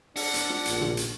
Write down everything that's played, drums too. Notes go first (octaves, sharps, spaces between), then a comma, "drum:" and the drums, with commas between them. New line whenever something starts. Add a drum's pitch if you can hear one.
D4 F#5, drum: open hi-hat
drum: hi-hat
drum: snare
A#1, drum: hi-hat
drum: tom
drum: hi-hat